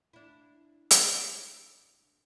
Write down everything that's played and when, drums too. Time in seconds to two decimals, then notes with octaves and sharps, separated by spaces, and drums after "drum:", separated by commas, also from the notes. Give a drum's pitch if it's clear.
0.13 D4 E4
0.91 drum: hi-hat